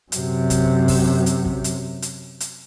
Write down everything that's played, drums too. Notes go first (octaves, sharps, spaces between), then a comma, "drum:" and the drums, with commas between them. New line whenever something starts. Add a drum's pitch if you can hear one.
F#2 C3, drum: hi-hat
drum: kick, hi-hat
drum: kick, open hi-hat
drum: hi-hat
drum: kick
drum: hi-hat
drum: hi-hat
drum: hi-hat